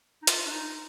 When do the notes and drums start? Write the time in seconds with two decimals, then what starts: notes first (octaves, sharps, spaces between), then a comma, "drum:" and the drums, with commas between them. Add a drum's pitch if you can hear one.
0.22 D#4
0.27 F4, drum: hi-hat
0.46 D4
0.51 D#4